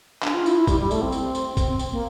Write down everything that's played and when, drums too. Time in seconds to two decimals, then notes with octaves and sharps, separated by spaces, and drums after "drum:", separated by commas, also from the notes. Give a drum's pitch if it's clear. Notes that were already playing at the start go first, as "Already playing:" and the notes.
0.22 D4, drum: clap
0.34 F4
0.46 E4, drum: tambourine
0.56 E4
0.67 G3, drum: kick, tambourine
0.79 G3
0.91 A3, drum: tambourine
1.01 C4
1.12 drum: tambourine
1.35 drum: tambourine
1.57 C4, drum: kick, tambourine
1.68 C4
1.79 drum: tambourine
1.91 A#3